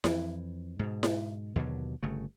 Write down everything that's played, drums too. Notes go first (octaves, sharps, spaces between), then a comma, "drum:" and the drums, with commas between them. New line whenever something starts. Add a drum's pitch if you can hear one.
F2 E3, drum: snare E4
G#2 B2
drum: snare E4
D#2 B2 D3 F#3
G1 C#3 A3